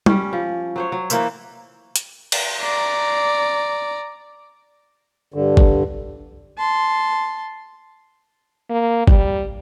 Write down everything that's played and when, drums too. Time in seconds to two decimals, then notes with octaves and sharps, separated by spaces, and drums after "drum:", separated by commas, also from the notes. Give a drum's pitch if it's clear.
0.06 G3 C#4, drum: tom G3
0.33 F3
0.76 F#3 C5 C#5
0.92 F#3
1.10 E3 A#3 C5 E5, drum: tambourine
1.96 drum: hi-hat
2.32 drum: cymbal
2.61 D5 A#5
5.34 G2 D3
5.57 drum: kick
6.57 A5 C6
8.70 A#3
9.07 G3, drum: kick